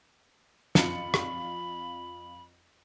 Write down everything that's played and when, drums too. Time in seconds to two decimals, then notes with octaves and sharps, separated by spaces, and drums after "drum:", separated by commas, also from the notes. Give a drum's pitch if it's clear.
0.75 F2 F4 B5 C#7, drum: snare
1.14 drum: rim click